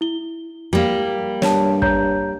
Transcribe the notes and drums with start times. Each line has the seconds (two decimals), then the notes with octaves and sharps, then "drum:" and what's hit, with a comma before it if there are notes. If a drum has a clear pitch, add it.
0.01 E4 G7
0.73 G3 A#3
1.42 G2 C#5 A5, drum: snare
1.82 C#5 A#5 G6, drum: kick